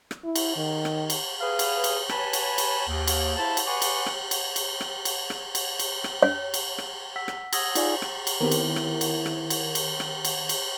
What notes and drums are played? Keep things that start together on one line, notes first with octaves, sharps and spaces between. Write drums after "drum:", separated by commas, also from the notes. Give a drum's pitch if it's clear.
drum: rim click
E4
drum: cymbal
D#3
drum: rim click
drum: cymbal
G#4 B4 F5
drum: cymbal
drum: cymbal
B4 C#5 G#5 A5 B5, drum: rim click
drum: cymbal
drum: cymbal
D#2
drum: cymbal
E4 C5 F5 A5
drum: cymbal
B4 D5 F#5 G#5 C6 C#6
drum: cymbal
drum: rim click
drum: cymbal
drum: cymbal
drum: rim click
drum: cymbal
drum: rim click
drum: cymbal
drum: cymbal
drum: rim click
C#5
drum: cymbal
drum: rim click
F#5 E6 B6
drum: rim click
F#5 D#6 E6 G#6 A#6, drum: cymbal
D#4 F4 G#4 D5 F5 G#5, drum: cymbal
drum: rim click
drum: cymbal
D#3 B3 C4 E4 G4 A#4
drum: cymbal
drum: rim click
drum: cymbal
drum: rim click
drum: cymbal
drum: cymbal
drum: rim click
drum: cymbal
drum: cymbal